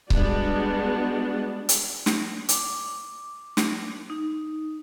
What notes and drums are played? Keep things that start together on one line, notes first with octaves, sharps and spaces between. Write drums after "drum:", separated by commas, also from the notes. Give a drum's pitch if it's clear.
G3 G#3 B3 D4 F#4, drum: kick C#1
drum: hi-hat
drum: snare
D6, drum: hi-hat
drum: snare
D#4